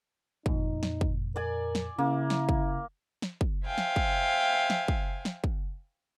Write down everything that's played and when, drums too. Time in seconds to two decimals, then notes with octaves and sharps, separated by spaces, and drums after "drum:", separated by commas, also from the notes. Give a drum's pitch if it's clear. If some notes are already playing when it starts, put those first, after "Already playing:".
0.46 F2 A#2 D#4, drum: kick
0.83 drum: snare
1.01 drum: kick
1.36 A#4 D5 G#5
1.75 drum: snare
1.98 C#3 A#3 E4
2.30 drum: snare
2.49 drum: kick
3.22 drum: snare
3.41 drum: kick
3.65 C5 E5 F5 G5 G#5
3.78 drum: snare
3.96 drum: kick
4.70 drum: snare
4.88 drum: kick
5.25 drum: snare
5.44 drum: kick